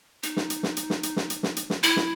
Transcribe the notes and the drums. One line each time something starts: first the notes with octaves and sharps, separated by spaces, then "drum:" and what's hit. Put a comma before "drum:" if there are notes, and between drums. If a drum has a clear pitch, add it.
D#4, drum: hi-hat
drum: snare
drum: hi-hat
drum: snare
drum: hi-hat
drum: snare
drum: hi-hat
drum: snare
drum: hi-hat
drum: snare
drum: hi-hat
drum: snare
E4, drum: hi-hat
drum: snare